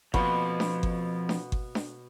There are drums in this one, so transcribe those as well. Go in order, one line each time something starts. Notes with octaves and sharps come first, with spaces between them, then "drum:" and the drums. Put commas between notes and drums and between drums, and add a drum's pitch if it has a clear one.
F2 B2 F3 A#3 F#5 B5 C#6, drum: kick G1
drum: snare D4
drum: kick G1
drum: snare D4
drum: kick G1
drum: snare D4